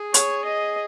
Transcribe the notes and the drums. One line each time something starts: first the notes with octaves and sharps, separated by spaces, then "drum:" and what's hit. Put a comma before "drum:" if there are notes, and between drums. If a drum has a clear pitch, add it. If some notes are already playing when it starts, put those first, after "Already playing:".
Already playing: G#4
C#5, drum: hi-hat
D#5